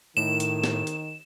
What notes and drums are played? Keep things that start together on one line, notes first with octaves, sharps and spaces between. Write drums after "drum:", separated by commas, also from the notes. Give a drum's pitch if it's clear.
A2 D#3 E7
drum: hi-hat
drum: snare
drum: hi-hat